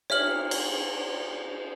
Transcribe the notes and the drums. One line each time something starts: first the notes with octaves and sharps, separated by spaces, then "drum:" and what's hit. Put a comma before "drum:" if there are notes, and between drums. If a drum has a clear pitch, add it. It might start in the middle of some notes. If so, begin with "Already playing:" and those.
C#5 E5 F6 F#7, drum: cymbal
drum: cymbal